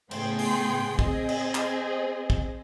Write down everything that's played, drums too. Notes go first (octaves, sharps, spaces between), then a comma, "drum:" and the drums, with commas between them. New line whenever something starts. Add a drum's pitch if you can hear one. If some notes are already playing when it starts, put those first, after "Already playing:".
A2 C#3 B3 G#4 G5 C6, drum: cymbal
drum: open hi-hat
C4 G#4 D#5, drum: kick
drum: cymbal
drum: clap
drum: kick